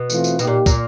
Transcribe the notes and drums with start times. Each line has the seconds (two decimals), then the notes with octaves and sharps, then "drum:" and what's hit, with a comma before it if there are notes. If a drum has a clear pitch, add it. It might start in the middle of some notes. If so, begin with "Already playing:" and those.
Already playing: B2
0.10 E3 A3 C4 F4, drum: tambourine
0.24 drum: tambourine
0.39 B2 A#3 D#4 G4, drum: tambourine
0.47 A#2
0.66 A#2, drum: kick, tambourine